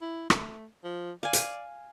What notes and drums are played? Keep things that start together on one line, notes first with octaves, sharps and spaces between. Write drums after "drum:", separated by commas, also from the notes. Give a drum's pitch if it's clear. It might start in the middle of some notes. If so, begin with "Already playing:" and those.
E4
A3, drum: rim click
F3
D5 F5 G#5
drum: hi-hat